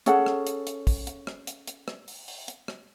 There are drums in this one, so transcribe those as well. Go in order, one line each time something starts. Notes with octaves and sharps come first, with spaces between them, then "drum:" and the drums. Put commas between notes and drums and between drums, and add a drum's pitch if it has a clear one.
C#4 G#4 A4 F#5, drum: hi-hat
drum: rim click
drum: hi-hat
drum: hi-hat
drum: kick, open hi-hat
drum: hi-hat
drum: rim click
drum: hi-hat
drum: hi-hat
drum: rim click
drum: open hi-hat
drum: open hi-hat
drum: hi-hat
drum: rim click